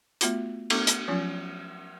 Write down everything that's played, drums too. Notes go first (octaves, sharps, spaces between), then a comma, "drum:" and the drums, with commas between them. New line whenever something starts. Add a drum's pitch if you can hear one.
A3 B3 F4 F#4, drum: hi-hat
A3 B3 D4 A4 C#6 D6, drum: cymbal
drum: hi-hat
F3 F#3 C#4 F4